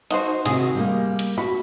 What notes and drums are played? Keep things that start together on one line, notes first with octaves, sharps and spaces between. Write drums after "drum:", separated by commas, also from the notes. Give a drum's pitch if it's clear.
D#4 F#4 C5, drum: hi-hat
C3 D#3 F#4 G#4, drum: hi-hat
G3 A3 A#3
drum: hi-hat
F#4 B5